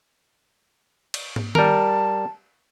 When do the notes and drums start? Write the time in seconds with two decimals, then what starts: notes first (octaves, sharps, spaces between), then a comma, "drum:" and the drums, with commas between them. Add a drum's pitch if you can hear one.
1.14 drum: cymbal
1.36 drum: tom
1.55 G3 A#4 A5, drum: tom D#3